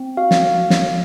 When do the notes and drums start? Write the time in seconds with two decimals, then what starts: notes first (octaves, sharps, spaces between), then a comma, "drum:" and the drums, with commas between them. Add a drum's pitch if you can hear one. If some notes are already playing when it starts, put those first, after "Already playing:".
Already playing: C4
0.17 F#4 F5
0.31 drum: snare
0.70 drum: snare